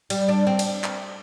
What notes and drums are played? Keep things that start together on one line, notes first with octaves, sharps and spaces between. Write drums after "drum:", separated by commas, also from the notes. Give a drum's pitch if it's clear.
G3, drum: cymbal
D4
C4
drum: cymbal
drum: clap